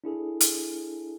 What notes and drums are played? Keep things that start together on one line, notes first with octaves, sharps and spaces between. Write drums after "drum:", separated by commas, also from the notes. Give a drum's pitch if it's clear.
D4 E4 G#4 A4
drum: hi-hat